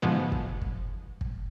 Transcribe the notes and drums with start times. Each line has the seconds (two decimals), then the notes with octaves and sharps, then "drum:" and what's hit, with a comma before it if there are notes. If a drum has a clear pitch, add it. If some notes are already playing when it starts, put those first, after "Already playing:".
0.02 G#2 B2 D3 F3 G#3 B3
0.32 drum: kick
0.62 drum: kick
1.21 drum: kick